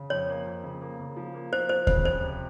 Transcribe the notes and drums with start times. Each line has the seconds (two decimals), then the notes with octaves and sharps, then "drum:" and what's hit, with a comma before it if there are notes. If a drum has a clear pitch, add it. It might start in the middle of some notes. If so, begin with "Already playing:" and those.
Already playing: C#3
0.10 F2 C#5
0.29 A#3
0.46 F2
0.64 C#3
0.81 A#3
1.00 C#3
1.16 F3
1.34 A#3
1.52 F3 C5
1.69 F3 C5
1.87 C#3 C5, drum: kick D#2
2.05 F2 C5
2.23 C3